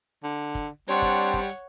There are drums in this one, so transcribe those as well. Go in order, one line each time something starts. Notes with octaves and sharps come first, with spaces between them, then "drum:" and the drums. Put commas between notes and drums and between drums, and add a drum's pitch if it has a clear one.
D3
drum: kick, hi-hat
G3 C4 D4 C#5 F#5, drum: hi-hat
drum: kick
drum: hi-hat
drum: kick
drum: hi-hat